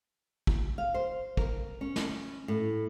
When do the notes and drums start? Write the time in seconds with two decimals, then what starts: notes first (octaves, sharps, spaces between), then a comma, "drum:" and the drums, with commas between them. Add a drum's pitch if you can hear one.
0.47 drum: kick
0.78 F5
0.94 C5
1.37 A#4, drum: kick
1.81 C#4
1.96 drum: snare
2.48 A2